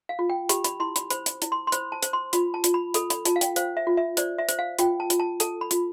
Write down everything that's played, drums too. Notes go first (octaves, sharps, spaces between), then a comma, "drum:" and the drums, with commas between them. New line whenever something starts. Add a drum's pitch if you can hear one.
F5
F4
G5
G4 B5, drum: hi-hat
B5, drum: hi-hat
E4 C6
B5, drum: hi-hat
C5 B5, drum: hi-hat
drum: hi-hat
E4, drum: hi-hat
C6
C6
C5 B5, drum: hi-hat
A5
C5, drum: hi-hat
C6
F4 B5, drum: hi-hat
A5
F4, drum: hi-hat
B5
A4 B5, drum: hi-hat
B5, drum: hi-hat
F4 A5, drum: hi-hat
F5
G5, drum: hi-hat
C5 F5, drum: hi-hat
E5
F4
E5
C5 D5, drum: hi-hat
E5
C5, drum: hi-hat
F5
F4 G5, drum: hi-hat
A5
F4, drum: hi-hat
A5
A4 A5, drum: hi-hat
B5
F4, drum: hi-hat